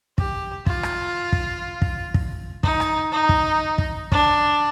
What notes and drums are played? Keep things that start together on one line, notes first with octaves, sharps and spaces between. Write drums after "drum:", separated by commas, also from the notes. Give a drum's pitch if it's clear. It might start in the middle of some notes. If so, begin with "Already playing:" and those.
G4, drum: kick
F4, drum: kick
drum: rim click
drum: kick
drum: kick
drum: kick
D#4, drum: kick
drum: rim click
D#4
drum: kick
drum: kick
D4, drum: kick